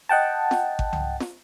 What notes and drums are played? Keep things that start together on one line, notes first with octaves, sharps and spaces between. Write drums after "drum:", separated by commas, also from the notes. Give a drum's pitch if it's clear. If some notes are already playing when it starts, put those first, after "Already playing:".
D#5 F#5 G5 A5
drum: snare
drum: kick G#1
drum: tom C2
drum: snare